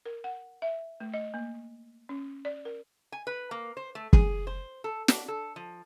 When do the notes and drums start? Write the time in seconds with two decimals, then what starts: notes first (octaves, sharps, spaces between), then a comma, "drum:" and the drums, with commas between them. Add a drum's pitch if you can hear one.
0.06 A#4
0.24 F#5
0.62 E5
1.00 A3
1.14 D#5
1.34 A#3
2.09 C#4
2.45 D5
2.65 A#4
3.12 G#5
3.27 B4
3.51 A#3
3.77 C5
3.95 A3
4.13 G#4, drum: kick
4.47 C5
4.84 A4
5.08 D4, drum: snare
5.28 A4
5.56 F3